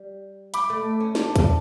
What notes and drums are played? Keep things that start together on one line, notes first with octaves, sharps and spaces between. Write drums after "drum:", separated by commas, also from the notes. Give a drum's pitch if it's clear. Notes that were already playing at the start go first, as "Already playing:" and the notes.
Already playing: G3
B5 D6, drum: hi-hat
A3
C#4
D4, drum: snare
drum: kick, hi-hat